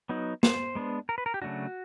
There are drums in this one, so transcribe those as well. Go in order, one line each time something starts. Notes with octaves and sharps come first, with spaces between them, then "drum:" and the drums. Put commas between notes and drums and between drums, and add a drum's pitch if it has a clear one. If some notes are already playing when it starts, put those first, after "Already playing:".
F#3 B3 D#4
C5, drum: snare
G#3 B3 D4
A#4
B4
A#4
G4
C#3 F#3 A3 D4 F#4